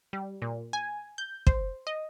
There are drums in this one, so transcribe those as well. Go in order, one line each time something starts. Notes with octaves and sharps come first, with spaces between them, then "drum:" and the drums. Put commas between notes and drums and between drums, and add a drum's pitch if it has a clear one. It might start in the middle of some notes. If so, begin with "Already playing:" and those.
G3
A#2
G#5
G6
C5, drum: kick
D#5